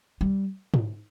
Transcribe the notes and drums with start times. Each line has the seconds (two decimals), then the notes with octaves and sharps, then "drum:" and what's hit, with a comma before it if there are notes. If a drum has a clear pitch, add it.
0.21 G3
0.74 drum: tom G#2